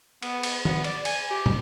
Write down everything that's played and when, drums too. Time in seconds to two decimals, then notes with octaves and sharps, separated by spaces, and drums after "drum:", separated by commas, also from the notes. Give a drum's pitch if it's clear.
0.22 B3, drum: cymbal
0.43 drum: cymbal
0.65 B3, drum: tom
0.84 D5, drum: cymbal
1.05 G#5, drum: cymbal
1.30 G4
1.46 drum: tom